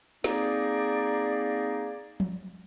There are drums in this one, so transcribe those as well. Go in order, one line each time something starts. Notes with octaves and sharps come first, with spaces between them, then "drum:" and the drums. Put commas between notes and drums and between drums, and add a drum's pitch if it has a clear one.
A#3 C4 D#4 G#4 D5, drum: snare
drum: tom